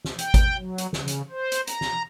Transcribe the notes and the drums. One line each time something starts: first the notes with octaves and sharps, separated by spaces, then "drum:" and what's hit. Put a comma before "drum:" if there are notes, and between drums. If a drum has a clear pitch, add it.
drum: snare
G5, drum: hi-hat
drum: kick G#1, hi-hat
F#3
drum: hi-hat
C#3, drum: snare
drum: hi-hat
C5
drum: hi-hat
A#5, drum: hi-hat
drum: snare